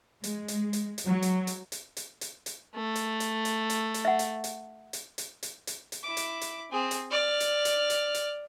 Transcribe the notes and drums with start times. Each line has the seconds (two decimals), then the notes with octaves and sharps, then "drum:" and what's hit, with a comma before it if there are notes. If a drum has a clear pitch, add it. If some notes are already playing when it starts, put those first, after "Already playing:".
0.24 G#3, drum: hi-hat
0.48 drum: hi-hat
0.73 drum: hi-hat
0.98 drum: hi-hat
1.07 F#3
1.22 drum: hi-hat
1.47 drum: hi-hat
1.72 drum: hi-hat
1.97 drum: hi-hat
2.21 drum: hi-hat
2.46 drum: hi-hat
2.76 A3
2.95 drum: hi-hat
3.20 drum: hi-hat
3.45 drum: hi-hat
3.70 drum: hi-hat
3.94 drum: hi-hat
4.05 E5 F#5
4.19 drum: hi-hat
4.44 drum: hi-hat
4.93 drum: hi-hat
5.18 drum: hi-hat
5.43 drum: hi-hat
5.67 drum: hi-hat
5.92 drum: hi-hat
6.03 E4 D6
6.17 drum: hi-hat
6.41 drum: hi-hat
6.72 C4 G#4
6.91 drum: hi-hat
7.11 D5 F6
7.40 drum: hi-hat
7.65 drum: hi-hat
7.90 drum: hi-hat
8.14 drum: hi-hat